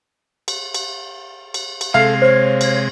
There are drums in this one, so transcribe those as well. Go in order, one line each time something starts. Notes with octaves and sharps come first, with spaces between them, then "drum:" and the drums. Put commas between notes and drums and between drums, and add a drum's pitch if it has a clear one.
drum: cymbal
drum: cymbal
drum: cymbal
drum: cymbal
C3 G#3 A4 F5
C5 C#5
drum: cymbal